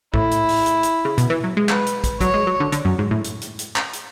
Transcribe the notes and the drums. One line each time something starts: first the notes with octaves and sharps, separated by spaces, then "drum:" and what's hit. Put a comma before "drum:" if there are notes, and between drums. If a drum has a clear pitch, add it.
A2 E4, drum: kick
drum: hi-hat
drum: open hi-hat
drum: hi-hat
drum: hi-hat
C#3
B2, drum: hi-hat
E3
F#3
G#3
B4, drum: clap
drum: hi-hat
drum: kick, hi-hat
F#3 C#5, drum: kick, hi-hat
G#3
F#3
D3
D3, drum: hi-hat
F#2
G#2
A2
drum: hi-hat
drum: hi-hat
drum: hi-hat
drum: clap
drum: hi-hat